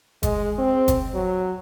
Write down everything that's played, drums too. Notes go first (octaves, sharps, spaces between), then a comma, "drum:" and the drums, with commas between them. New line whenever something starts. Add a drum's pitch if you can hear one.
G#3, drum: kick F#1, hi-hat
C4
drum: kick F#1, hi-hat
F#3